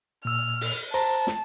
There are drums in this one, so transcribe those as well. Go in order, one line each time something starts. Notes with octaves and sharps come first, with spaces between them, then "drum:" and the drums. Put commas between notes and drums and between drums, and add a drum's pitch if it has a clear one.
A#2 E6 F6
drum: open hi-hat
C5 A5 A#5, drum: hi-hat
drum: snare